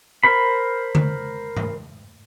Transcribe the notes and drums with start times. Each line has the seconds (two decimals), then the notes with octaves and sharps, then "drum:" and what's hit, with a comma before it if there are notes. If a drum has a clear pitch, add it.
0.23 A#4 C5 B5
0.95 drum: tom D3
1.57 drum: tom G#2